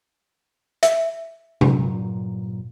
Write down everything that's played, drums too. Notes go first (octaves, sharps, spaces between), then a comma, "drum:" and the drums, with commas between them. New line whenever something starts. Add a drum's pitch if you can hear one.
E5, drum: hi-hat
G2 A#2 F#3, drum: tom C3